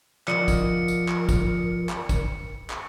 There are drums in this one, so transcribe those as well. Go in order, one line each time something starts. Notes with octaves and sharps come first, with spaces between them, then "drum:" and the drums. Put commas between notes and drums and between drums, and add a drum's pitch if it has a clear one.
F3 A#4 D5 D#5 F#5 C#7, drum: clap
drum: kick, tambourine
drum: tambourine
drum: clap
drum: kick, tambourine
drum: clap
drum: kick, tambourine
drum: clap